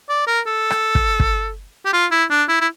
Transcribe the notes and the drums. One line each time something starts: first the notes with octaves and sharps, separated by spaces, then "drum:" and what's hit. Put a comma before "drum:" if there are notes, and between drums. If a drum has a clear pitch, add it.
D5
A#4
A4
drum: rim click
drum: kick
drum: kick
G4
F4
E4
D4
E4
E4